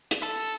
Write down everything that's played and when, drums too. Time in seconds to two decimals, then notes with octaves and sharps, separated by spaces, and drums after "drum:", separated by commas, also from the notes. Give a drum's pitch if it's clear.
0.11 drum: hi-hat
0.23 A4